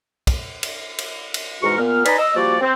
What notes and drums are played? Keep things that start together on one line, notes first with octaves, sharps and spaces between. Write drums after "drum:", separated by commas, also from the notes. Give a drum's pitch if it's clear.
drum: kick, cymbal
drum: cymbal
drum: cymbal
drum: cymbal
E2 G#2 G#3 F#4 A#4 C#6
A#2 B3 F6
D#4 B4 D5 G#5 A#5 B5, drum: cymbal
D#5 E6
F3 G3 A#3 F#4 D5
C4